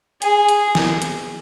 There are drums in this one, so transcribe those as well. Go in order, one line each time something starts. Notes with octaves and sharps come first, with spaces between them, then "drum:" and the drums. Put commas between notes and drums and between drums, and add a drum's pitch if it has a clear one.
G#4, drum: hi-hat
drum: hi-hat
drum: snare
drum: hi-hat